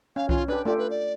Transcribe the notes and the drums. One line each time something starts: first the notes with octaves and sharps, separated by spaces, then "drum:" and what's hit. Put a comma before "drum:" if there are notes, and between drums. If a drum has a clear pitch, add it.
C#4 F5
C#4 F4, drum: kick C2
D4 G4 B4
A3 F4 G4 D5
B4
D5